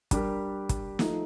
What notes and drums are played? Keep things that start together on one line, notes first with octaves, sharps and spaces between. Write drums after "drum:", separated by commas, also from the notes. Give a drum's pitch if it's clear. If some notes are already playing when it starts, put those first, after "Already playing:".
G3 D4 G4 A#4, drum: kick, hi-hat
drum: kick, hi-hat
F3 A3 D#4, drum: snare